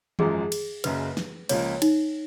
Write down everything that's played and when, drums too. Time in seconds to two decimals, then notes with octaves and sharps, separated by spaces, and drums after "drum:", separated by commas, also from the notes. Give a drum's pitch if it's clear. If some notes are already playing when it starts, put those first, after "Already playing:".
0.19 G#1 F#2 F3 G#3 G#4, drum: tom D#3
0.52 drum: cymbal
0.84 F#1 F#2 C#3 B4, drum: cymbal
1.17 drum: snare
1.49 C#2 C#3 F3 A#3 C#5, drum: cymbal
1.82 D#4, drum: cymbal